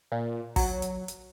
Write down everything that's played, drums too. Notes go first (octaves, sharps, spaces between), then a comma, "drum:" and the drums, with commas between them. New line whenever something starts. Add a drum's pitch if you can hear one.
A#2
F#3, drum: kick, open hi-hat
drum: hi-hat
drum: hi-hat